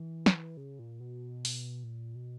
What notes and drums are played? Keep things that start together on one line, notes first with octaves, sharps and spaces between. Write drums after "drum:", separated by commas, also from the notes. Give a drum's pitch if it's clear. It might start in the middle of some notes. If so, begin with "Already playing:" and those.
Already playing: E3
drum: snare
C#3
A#2
B2
drum: open hi-hat
A#2
B2